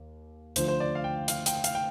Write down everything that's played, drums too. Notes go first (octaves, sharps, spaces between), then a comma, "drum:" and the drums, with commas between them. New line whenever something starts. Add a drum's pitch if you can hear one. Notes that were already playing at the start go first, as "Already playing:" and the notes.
Already playing: D#2
D2 D3 F3 C5, drum: hi-hat
C5
D5
F5
G5
F5, drum: hi-hat
G5, drum: hi-hat
F5, drum: hi-hat
G5